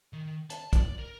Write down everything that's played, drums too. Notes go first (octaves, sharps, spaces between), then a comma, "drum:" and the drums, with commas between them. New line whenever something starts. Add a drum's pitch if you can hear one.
D#3
A5, drum: hi-hat
D5, drum: kick, hi-hat
A#4